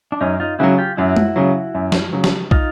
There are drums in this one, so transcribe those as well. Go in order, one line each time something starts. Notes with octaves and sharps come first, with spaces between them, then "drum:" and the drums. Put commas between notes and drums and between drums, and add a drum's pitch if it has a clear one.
D4
F#2 C#4 D#4
D#4 F4
C#3 F#3 E4 F#4
F4 G4
F#2 E4 F#4
drum: tom
C#3 F#3
F#2
drum: snare
C#3 F#3
drum: snare
D#4 F4, drum: kick